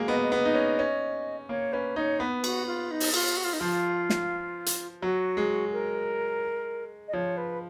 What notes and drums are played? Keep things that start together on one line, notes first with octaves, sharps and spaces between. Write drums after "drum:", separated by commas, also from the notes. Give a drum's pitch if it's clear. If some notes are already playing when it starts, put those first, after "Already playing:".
Already playing: F#3 G#3 A#3
B3 D#5
D#5
B3
D#4
C#4
C#4
A#3 C#5
C#4 B4
D#4 C#5
B3 B4
F#4, drum: cymbal
F4
D#4
drum: open hi-hat
F4, drum: cymbal
F#4
F4
D#4
F3 F4
drum: snare
drum: hi-hat
F#3 F#4
G#3
A#4
D#5
F3 C#5
B4